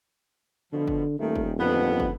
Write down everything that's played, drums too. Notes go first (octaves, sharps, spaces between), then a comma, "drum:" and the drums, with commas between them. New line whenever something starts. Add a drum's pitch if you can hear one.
B2 D3 F3
drum: kick
D#1 D#3 A3
drum: kick
F2 D3 B3
drum: kick